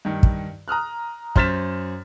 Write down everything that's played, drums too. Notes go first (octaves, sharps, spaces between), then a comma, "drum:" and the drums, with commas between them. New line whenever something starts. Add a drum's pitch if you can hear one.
G2 D#3
drum: kick
A#5 D#6 F6 F#6
F#2 C5 F6 A6 B6 E7, drum: kick